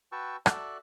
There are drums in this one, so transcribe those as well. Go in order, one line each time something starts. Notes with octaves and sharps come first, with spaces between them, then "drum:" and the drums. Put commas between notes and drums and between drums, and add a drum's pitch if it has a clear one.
F#4 B4 G5 A5 C#6 E6
F#4 A4 D5 E5 A5 F#6, drum: rim click